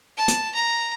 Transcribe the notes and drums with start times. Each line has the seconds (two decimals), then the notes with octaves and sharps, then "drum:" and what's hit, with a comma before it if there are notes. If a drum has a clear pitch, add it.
0.17 A5
0.28 drum: hi-hat
0.55 A#5